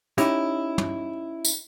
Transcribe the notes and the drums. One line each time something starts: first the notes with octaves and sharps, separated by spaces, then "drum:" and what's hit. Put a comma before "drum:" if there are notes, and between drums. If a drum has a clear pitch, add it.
C#4 D#4 E4 G4, drum: hi-hat
drum: tom
drum: tambourine